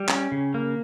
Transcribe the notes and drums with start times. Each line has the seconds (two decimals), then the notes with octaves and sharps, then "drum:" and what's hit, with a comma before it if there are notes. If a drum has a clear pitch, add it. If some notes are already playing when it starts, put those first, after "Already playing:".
Already playing: G3 G4
0.09 C#4, drum: clap
0.32 C#3
0.54 A#3